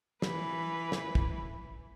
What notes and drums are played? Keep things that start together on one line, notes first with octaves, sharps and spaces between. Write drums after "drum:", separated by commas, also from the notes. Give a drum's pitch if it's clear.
E3 B4, drum: snare
drum: snare
drum: kick